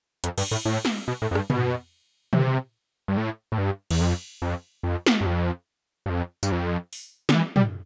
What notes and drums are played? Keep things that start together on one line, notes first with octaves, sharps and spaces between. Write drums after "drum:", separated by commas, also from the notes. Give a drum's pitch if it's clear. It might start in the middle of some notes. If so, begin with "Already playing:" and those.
F2, drum: hi-hat
G2, drum: cymbal
A2, drum: open hi-hat
A2
drum: snare
B2
A2
F2
G2, drum: rim click
B2, drum: tom
C3, drum: tom
G2
A2
A2
G2
E2, drum: cymbal
F2
F2
F2
drum: snare
G2
F2
G2
F2
G2, drum: tambourine
F2
drum: open hi-hat
D3, drum: snare
E3
G3, drum: tom